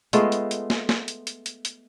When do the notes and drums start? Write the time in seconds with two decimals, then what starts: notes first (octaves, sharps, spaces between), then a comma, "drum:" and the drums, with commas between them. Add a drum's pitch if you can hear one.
0.13 G#3 A3 B3 F4, drum: hi-hat
0.32 drum: hi-hat
0.51 drum: hi-hat
0.70 drum: snare
0.89 drum: snare
1.08 drum: hi-hat
1.27 drum: hi-hat
1.46 drum: hi-hat
1.65 drum: hi-hat